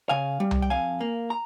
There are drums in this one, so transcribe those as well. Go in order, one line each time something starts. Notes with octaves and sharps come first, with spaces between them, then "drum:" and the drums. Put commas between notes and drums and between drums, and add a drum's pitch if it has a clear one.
C#3 F5 G#5
G3
drum: tom C2
G5
F2 F5 G#5
A#3
A#5